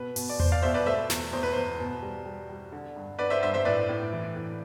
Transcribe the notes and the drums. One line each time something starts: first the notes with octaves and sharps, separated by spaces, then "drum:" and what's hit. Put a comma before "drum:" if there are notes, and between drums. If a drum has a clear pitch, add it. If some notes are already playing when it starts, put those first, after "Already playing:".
Already playing: B2 B4
B2, drum: open hi-hat
D5
B2 C5, drum: tom E2
D5 F5
B2 C5 E5
B4 D5
A3 C5 E5
E2, drum: snare
E2 C5
B4
E2 C5
B2
G3
G3
G3
D3
G2
D3 B4 D5
C5 E5
G2 C5 E5
C5 E5
A2 B4 D5
A2
E3
A2